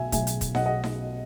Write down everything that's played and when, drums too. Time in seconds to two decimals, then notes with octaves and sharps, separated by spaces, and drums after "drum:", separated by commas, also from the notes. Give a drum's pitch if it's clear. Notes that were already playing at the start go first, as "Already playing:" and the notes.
Already playing: B1 B2 F#3 E5 G#5
0.12 B1 B2 F#3 E5 G#5, drum: kick, hi-hat
0.27 drum: hi-hat
0.41 drum: kick, hi-hat
0.55 B1 B2 F#3 D#5 F#5, drum: snare D#4
0.66 D#5 F#5
0.84 drum: snare D#4